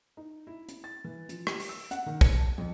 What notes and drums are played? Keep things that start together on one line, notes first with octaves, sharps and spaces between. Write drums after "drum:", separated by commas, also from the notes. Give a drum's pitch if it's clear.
D#4
E4
drum: hi-hat
A6
E3
F3, drum: hi-hat
G4, drum: rim click
drum: open hi-hat
E6
F#5, drum: hi-hat
D#3
C#7, drum: kick, hi-hat
A5
F2